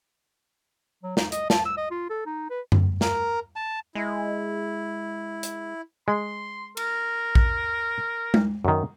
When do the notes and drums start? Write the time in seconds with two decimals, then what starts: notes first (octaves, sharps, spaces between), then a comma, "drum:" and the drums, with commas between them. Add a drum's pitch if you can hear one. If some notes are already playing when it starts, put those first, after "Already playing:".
1.03 F#3
1.17 D#4, drum: snare
1.32 D#5, drum: hi-hat
1.50 A5, drum: snare
1.66 E6
1.78 D#5
1.91 F4
2.10 A4
2.26 D#4
2.50 B4
2.72 drum: tom F#2
3.01 A#4, drum: snare
3.56 A5
3.95 G#3 E4
5.43 drum: hi-hat
6.08 G#3 C6
6.77 A#4, drum: cymbal
7.35 drum: kick A#1
8.34 drum: tom G#3
8.65 F#2 D#3